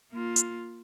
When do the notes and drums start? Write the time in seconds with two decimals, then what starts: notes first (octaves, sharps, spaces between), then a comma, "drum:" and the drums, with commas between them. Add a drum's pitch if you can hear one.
0.12 A#3 F4
0.36 drum: hi-hat